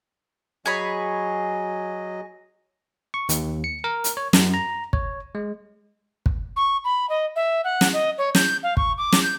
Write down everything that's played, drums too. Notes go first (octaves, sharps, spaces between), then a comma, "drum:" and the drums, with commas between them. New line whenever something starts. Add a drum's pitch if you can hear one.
F#3 G#4 C#5 D#5 B5
C#6
D#2, drum: hi-hat
C#7
A#4
drum: hi-hat
C#5
F#2, drum: snare
A#5
C#5, drum: kick
G#3
drum: kick
C#6
B5
D#5
E5
F#5
drum: snare
D#5
C#5
G6, drum: snare
F5
C#6, drum: kick
D6
drum: snare
G6